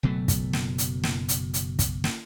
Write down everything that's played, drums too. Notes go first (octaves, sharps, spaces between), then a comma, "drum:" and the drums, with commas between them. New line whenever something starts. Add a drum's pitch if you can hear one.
F#1 B2 F#3 A3
drum: kick, hi-hat
drum: snare
drum: hi-hat
drum: snare
drum: hi-hat
drum: hi-hat
drum: kick, hi-hat
drum: snare